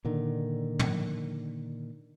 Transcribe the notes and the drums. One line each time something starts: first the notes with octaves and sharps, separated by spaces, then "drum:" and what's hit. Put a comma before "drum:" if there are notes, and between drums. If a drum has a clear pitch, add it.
A#2 D3 D#3
drum: tom